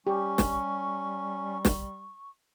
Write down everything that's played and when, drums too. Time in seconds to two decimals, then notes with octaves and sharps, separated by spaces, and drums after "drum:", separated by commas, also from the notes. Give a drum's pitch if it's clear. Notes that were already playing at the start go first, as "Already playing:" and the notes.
0.07 G3 C#4 G4 C#6
0.38 drum: snare
1.65 drum: snare